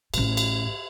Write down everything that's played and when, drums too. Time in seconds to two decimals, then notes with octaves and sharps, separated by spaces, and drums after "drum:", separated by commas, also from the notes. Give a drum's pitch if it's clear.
0.14 A1 A2, drum: cymbal
0.37 drum: cymbal